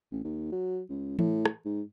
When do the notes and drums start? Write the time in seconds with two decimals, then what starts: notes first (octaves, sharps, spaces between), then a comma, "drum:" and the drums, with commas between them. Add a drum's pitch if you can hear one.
0.11 A1
0.25 D#2
0.52 F#3
0.90 C#2
1.19 A2, drum: tom E3
1.45 drum: rim click
1.65 G#2